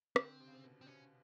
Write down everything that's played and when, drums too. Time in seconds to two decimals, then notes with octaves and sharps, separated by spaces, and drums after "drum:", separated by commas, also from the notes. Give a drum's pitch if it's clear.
0.16 D3 C4, drum: rim click
0.40 C3
0.48 C#3
0.54 C3
0.64 B2
0.81 C4
0.86 C3 C#4